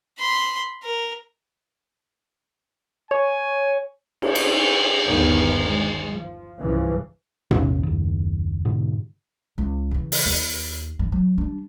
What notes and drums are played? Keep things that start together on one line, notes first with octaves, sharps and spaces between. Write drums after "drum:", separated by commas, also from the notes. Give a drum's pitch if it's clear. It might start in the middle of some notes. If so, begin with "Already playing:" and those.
B5 C6
A#4
C#5 G#5
drum: cymbal
drum: cymbal
G1 D#2 D#3 B3
G#3
F3
C2 G2 C#3 E3 F3
A#1 E2 C3 C#4, drum: tom G#2
F#1 D#2
G#2 B2 D3
C#2
C#3 E3
drum: open hi-hat
D#2
G2 E3
F#3
G3 D4